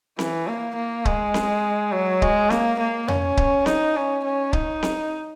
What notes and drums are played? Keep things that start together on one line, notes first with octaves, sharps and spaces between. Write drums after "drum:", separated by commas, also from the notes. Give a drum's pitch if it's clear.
E3, drum: snare C4
A#3
A#3
G#3, drum: kick C#1
drum: snare C4
F#3
G#3, drum: kick C#1
A#3, drum: snare C4
A#3
C#4, drum: tom F2
drum: kick C#1
D#4, drum: snare C4
C#4
C#4
D#4, drum: kick C#1
drum: snare C4